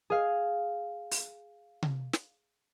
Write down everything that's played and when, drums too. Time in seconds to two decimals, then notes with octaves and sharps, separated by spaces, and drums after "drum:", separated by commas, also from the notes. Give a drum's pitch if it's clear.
0.10 G#4 F5
1.11 drum: open hi-hat
1.82 drum: tom C3
2.13 drum: snare